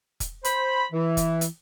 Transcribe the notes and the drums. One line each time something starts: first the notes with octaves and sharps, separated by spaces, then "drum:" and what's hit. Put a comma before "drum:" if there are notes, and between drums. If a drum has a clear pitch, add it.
drum: kick, hi-hat
C5 B5, drum: hi-hat
E3
drum: kick, hi-hat
drum: hi-hat